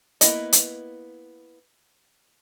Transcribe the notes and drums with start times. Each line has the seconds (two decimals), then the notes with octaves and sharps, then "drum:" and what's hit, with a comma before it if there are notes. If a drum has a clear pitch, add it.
0.21 A#3 B3 E4 D#5, drum: hi-hat
0.53 drum: hi-hat